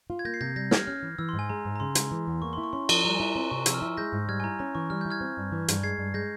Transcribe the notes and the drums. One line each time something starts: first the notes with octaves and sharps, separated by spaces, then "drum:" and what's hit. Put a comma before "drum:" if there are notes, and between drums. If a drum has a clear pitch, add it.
F4
G#6
A#3 G6 A#6
C7
C3 G6 A#6
G3 G6 A#6
G4 F6 G#6, drum: snare
C#4 F6
E3
E3 E6
C6
G#2
G#5
G#3 A#5
G#2
A#5
C#3 C6
G#3, drum: hi-hat
E3
E2
A#3 C#6
C6
E4
C#6
C#4 C6
F3, drum: cymbal
G3 A#5
G#5
E4 A#5
C4 C6
C3 C#6
F3 E6, drum: hi-hat
F6
E4 E6
G#3 G6 A#6
G#2
G3 F6 G#6
G#5
E4 A#5
C#4 A#5
E3 C#6
G3 F6
G6
E4
F6 G#6
C4
G2
E3
G2, drum: hi-hat
G#3 G#6 C7
G2
G#3 G6 A#6